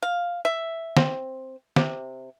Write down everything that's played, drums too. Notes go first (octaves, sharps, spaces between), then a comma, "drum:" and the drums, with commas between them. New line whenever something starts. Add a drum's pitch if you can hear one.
F5
E5
C4, drum: snare
C3, drum: snare